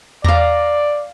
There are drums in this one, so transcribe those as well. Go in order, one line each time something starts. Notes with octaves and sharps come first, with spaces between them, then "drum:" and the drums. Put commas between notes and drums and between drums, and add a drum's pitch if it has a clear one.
D5 F5 A#5, drum: tom E2